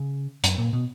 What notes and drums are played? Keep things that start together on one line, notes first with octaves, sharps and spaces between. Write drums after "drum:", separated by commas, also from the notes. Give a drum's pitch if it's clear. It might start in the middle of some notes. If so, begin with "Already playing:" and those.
Already playing: C#3
F#2, drum: hi-hat
A#2
B2